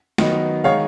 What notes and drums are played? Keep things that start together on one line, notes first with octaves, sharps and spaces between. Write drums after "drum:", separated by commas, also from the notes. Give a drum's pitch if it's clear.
D#3 F#3 B3 D#4, drum: snare A3
D#3 G#3 D#4 C#5 F5